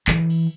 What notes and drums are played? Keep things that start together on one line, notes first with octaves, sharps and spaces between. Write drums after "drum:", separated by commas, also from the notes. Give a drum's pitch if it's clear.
E3, drum: clap
drum: cymbal